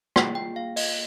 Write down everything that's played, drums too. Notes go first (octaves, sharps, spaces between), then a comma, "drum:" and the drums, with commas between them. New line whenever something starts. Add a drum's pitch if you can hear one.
A#3 F4 G#4 G5, drum: rim click
G5
F5
D#5, drum: open hi-hat